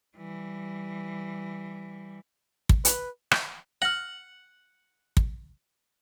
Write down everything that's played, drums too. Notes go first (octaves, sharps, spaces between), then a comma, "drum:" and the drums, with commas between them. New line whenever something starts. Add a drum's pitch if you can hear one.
E3 G3
drum: kick
B4, drum: hi-hat
drum: rim click
F#5 F6 A#6 F#7
drum: kick